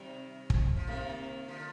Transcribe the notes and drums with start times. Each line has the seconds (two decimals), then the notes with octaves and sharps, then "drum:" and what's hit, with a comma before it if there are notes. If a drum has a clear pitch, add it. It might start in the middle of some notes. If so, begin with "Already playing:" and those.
Already playing: C3 D#3 G3
0.50 drum: kick
0.77 F3
0.87 C3 D#3 A#3
1.48 D3 F3